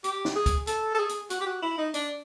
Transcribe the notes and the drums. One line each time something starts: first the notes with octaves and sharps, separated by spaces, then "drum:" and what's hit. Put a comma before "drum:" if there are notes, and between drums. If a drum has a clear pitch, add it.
G4, drum: hi-hat
drum: snare
G#4
drum: kick, hi-hat
A4, drum: hi-hat
A4
G#4
drum: hi-hat
F#4, drum: hi-hat
G4
F#4
E4
D#4
D4, drum: hi-hat